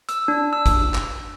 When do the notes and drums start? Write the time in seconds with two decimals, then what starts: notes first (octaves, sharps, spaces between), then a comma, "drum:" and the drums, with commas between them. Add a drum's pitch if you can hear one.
0.09 E6, drum: hi-hat
0.28 D4
0.53 E6
0.66 drum: kick, hi-hat
0.94 drum: clap